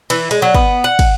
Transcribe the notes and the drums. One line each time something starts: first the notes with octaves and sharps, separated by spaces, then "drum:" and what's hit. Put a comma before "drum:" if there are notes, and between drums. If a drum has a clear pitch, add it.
E3, drum: cymbal
G#3, drum: cymbal
F#3
B3, drum: kick
F#5
drum: kick, cymbal